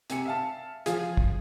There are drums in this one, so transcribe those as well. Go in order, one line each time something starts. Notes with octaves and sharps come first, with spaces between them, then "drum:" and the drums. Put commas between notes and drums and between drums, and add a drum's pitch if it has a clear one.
C3 G#5 C#7, drum: hi-hat
E5 F5 A5
F3 F4 G#4, drum: hi-hat
drum: kick